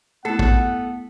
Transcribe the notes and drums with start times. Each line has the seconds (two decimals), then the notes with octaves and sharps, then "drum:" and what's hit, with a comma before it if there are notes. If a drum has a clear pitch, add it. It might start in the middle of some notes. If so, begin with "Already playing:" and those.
0.25 A3 B3 E4 A4 F#5
0.39 drum: kick